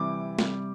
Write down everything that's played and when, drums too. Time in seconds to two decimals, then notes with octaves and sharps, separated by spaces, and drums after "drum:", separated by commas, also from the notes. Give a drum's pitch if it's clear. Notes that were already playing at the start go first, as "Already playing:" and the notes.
Already playing: C3 E3 G3 D6
0.39 C3 G3, drum: snare